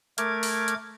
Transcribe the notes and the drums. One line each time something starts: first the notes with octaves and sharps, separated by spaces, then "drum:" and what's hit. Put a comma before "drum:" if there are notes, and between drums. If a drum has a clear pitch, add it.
A3 A#4 D6 G#6, drum: hi-hat
drum: open hi-hat
drum: hi-hat